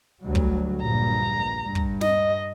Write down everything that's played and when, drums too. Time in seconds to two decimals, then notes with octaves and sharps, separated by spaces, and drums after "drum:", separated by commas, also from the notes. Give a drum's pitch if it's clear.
0.23 D2 F#3 G3
0.35 drum: kick
0.82 A#1 G2 A#5
1.63 G2
1.75 drum: kick
2.01 D#5, drum: snare